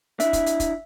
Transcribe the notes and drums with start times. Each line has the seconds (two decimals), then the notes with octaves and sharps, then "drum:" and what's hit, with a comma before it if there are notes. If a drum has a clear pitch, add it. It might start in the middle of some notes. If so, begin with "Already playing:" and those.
0.20 D4 E4 E5, drum: hi-hat
0.33 drum: kick, hi-hat
0.46 drum: hi-hat
0.60 drum: kick, hi-hat